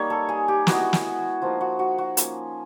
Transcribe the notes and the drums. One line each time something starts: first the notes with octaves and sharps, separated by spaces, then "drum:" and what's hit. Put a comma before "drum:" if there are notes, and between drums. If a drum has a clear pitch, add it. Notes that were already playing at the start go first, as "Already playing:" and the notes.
Already playing: G3 A#3 D#4 C#5
A4
G#4
G4
G#3 B3 E4 F#4, drum: snare
drum: snare
F3 A#3 D#4 F4
F#4
F#4
F#4
A#3 C#4 F4, drum: hi-hat